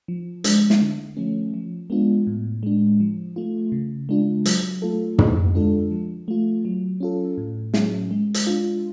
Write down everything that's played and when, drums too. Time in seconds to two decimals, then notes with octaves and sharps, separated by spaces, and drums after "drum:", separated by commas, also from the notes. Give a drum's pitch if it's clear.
0.08 F3
0.44 G#3 D4, drum: hi-hat
0.70 drum: snare
0.81 D3
1.17 F3 A3 C#4
1.54 F3
1.90 G#3 B3 D4 F4
2.27 A2
2.63 G#3 D4
3.00 F3
3.36 A3 F4
3.72 C#3
4.09 G#3 D4 F4
4.45 F#3, drum: hi-hat
4.82 A3 F4 A4
5.18 D3, drum: tom
5.55 G#3 D4 F4 A4
5.91 F3
6.28 A3 F4
6.65 F#3
7.00 C#4 F4 A4
7.38 A2
7.74 F#3 C#4 G#4, drum: snare
8.11 G#3
8.34 drum: hi-hat
8.47 D4 F4